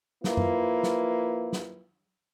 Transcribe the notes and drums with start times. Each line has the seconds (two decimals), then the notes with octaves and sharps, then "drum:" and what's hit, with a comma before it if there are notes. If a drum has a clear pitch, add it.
0.24 F3 A#3 E4 F4 B4, drum: snare
0.37 drum: tom F#2
0.83 drum: snare
1.53 drum: snare